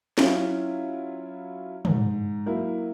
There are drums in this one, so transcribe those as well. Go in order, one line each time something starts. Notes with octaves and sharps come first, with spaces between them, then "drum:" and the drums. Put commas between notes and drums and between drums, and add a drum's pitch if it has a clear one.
F#3 C#4 E4 F4, drum: snare
G#2, drum: tom
F#3 A#3 E4